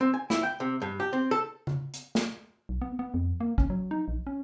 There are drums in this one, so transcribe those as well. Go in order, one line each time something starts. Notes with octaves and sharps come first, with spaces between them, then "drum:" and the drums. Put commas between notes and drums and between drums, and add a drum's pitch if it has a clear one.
C4
G#5
E4, drum: snare
G5
C3
G2
G4
C4
A4
drum: tom C#3
drum: hi-hat
drum: snare
B1
B3
B3
F2
A#3
C#4, drum: kick
F#3
D#4
A#1
C#4